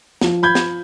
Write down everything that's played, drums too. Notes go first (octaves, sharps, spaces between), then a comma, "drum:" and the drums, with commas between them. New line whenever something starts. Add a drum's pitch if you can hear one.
F3, drum: snare
B5 G6 G#6
drum: snare